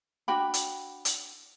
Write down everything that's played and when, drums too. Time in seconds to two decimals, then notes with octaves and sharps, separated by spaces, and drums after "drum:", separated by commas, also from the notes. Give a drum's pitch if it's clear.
0.28 D4 F#4 G5 B5
0.54 drum: hi-hat
1.05 drum: hi-hat